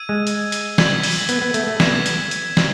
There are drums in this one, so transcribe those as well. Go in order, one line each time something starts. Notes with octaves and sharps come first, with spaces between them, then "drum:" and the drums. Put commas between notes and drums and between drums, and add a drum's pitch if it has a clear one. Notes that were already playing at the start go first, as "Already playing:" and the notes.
Already playing: E6 G#6 D#7
G#3
drum: hi-hat
drum: hi-hat
G#6 B6 F#7, drum: snare
drum: open hi-hat
B3, drum: hi-hat
B3
A3, drum: hi-hat
A3
B3 G#6 B6 E7, drum: snare
drum: hi-hat
drum: hi-hat
drum: snare